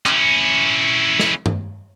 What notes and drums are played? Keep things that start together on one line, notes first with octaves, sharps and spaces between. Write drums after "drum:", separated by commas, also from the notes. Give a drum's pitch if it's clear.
C#4 E4, drum: clap
drum: snare
drum: tom G2